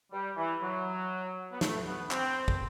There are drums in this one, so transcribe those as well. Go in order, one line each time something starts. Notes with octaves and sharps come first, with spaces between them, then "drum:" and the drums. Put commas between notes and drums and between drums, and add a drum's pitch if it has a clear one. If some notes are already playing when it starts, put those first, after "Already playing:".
G3
E3
F#3
B3
A3, drum: snare
B3
C4, drum: clap
drum: kick